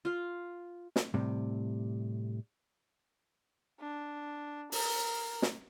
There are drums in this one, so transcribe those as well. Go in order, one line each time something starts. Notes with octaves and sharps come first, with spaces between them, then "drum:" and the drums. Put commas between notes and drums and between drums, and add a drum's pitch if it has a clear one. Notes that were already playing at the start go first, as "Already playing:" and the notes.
F4 F5
drum: snare
A2 C3 G3
D4
A#4, drum: open hi-hat
drum: snare